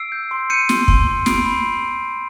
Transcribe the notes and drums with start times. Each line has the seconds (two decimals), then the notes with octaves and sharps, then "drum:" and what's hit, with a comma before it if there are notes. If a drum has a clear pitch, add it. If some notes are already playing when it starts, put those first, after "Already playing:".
Already playing: E6 C7 D7
0.12 G6
0.31 C6
0.50 G6 C#7 D#7
0.69 C6, drum: snare
0.88 C6, drum: kick
1.07 C6
1.26 B5 C7 D7, drum: snare
1.46 B5